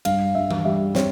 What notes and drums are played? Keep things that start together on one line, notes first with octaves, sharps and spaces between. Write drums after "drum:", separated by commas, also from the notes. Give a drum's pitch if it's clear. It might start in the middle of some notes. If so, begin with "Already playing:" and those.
G2 F5, drum: cymbal
G2 E5
drum: tom E3
G3 E5
C4 C#5, drum: snare